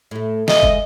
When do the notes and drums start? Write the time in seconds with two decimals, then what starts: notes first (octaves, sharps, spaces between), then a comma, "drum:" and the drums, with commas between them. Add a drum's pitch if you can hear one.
0.11 A2 A3
0.48 C#3 G#3 D#5 E5, drum: snare
0.63 drum: kick